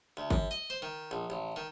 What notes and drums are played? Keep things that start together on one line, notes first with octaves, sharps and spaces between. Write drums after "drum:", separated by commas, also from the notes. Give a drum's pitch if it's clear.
D2
F#2, drum: kick G#1
D#5
C5
D#3
A#1
A1
D#3